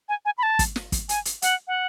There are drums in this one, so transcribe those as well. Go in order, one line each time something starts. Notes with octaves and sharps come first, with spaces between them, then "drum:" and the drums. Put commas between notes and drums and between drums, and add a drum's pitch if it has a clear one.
G#5
G#5
B5
A5
drum: kick, hi-hat
drum: snare
drum: kick, hi-hat
G#5, drum: hi-hat
drum: hi-hat
F#5, drum: hi-hat
F#5